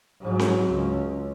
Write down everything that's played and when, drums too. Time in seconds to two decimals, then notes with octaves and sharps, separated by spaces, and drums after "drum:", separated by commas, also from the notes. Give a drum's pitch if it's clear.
0.20 G#2 F#3
0.39 drum: snare C4
0.70 C#2